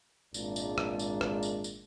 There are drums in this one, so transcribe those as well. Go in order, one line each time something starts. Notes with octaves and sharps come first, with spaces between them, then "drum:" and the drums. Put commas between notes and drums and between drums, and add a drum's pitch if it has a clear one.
G#1 A#2 G#3 A#3 D4, drum: tambourine
drum: tambourine
drum: rim click
drum: tambourine
drum: rim click
drum: tambourine
drum: tambourine